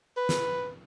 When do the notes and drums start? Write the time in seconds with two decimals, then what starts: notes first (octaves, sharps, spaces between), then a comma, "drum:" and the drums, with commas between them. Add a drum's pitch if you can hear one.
0.16 B4
0.29 drum: snare